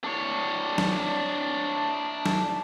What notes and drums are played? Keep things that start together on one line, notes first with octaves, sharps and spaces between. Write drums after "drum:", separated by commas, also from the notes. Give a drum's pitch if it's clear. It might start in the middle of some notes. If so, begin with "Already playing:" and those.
D4 C#5
drum: snare
drum: snare